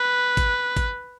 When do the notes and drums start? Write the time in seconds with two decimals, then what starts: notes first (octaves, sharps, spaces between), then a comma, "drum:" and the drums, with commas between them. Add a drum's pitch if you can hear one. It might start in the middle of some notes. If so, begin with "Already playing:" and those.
Already playing: B4
0.37 drum: kick, hi-hat
0.77 drum: kick, hi-hat